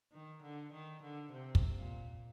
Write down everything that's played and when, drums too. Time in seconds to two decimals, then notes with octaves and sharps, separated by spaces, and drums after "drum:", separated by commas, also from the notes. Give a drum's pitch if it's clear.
0.12 D#3
0.43 D3
0.72 D#3
1.02 D3
1.32 C3
1.55 drum: kick
1.77 A#2